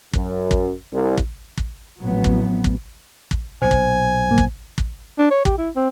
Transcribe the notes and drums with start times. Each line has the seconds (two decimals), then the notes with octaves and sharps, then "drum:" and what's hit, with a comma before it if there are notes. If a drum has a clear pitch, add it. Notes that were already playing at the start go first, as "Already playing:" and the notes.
0.13 F#2, drum: kick
0.51 drum: kick
0.92 C2
1.17 drum: kick
1.57 drum: kick
2.01 A1 F2 A2 F#3 B3
2.24 drum: kick
2.64 drum: kick
3.31 drum: kick
3.62 B1 A#2 C5 G#5
3.71 drum: kick
4.28 G2 A#3
4.38 drum: kick
4.78 drum: kick
5.18 D4
5.31 C#5
5.45 G4, drum: kick
5.58 E4
5.76 C4